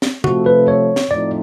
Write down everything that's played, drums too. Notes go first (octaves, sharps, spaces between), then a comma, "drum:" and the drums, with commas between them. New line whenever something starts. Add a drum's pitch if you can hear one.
drum: snare
C3 F3 A3 F#4, drum: tom C3
B4
C#5
drum: snare
A2 F3 A3 C4 D#4 D5